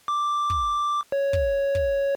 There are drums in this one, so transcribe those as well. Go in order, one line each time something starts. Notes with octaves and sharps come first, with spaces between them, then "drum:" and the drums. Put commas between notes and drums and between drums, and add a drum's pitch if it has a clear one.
D6
drum: kick
C#5
drum: kick
drum: kick